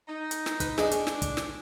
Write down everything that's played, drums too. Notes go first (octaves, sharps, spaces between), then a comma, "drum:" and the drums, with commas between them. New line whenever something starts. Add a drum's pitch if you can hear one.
D#4
drum: hi-hat
drum: snare
B4, drum: kick, hi-hat
G#3 D4 D#4 D#5, drum: snare
C#4, drum: hi-hat
drum: snare
drum: kick, hi-hat
drum: snare